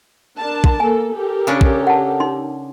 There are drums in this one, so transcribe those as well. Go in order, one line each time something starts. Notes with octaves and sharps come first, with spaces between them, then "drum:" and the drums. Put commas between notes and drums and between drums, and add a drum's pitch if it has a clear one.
D4 A#4 A5
drum: kick
A#3 A4 G#5
G4 A4 A#4
C#3 C#4 D4
drum: kick
F#5 A5
D#4 C6